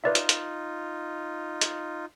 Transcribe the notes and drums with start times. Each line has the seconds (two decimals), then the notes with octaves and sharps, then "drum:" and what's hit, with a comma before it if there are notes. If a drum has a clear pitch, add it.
0.04 D#4 F4 B4 D5 E5
0.15 drum: hi-hat
0.29 drum: hi-hat
1.61 drum: hi-hat